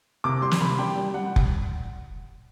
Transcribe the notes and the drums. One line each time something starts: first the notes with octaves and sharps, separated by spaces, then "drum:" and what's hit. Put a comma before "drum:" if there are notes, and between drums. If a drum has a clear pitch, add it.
C3 D6
G3 C6
drum: snare
C3 B5
G3 G5
G3
G3 F#5
drum: kick F1